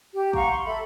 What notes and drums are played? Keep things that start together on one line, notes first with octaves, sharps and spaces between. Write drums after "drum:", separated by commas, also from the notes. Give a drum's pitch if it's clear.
G4
F5 F#5 A#5 C#6, drum: kick
C6
A4 E5 B5